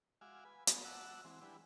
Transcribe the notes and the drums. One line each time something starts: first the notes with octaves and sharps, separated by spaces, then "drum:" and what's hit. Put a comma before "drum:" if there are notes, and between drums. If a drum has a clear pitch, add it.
G#3 F#4 E5 F5 G#5 D6
B4 G#5
G#3 A#3 B3 A4, drum: hi-hat
F#4 E5 F#5 A5 D6 E6
E3 G#3 C4
G3 G#3 D4 E4 B4